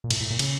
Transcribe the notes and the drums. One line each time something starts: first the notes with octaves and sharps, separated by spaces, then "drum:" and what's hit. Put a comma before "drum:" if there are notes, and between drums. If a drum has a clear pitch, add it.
A#2
A2, drum: cymbal
A2
A#2
C#3, drum: cymbal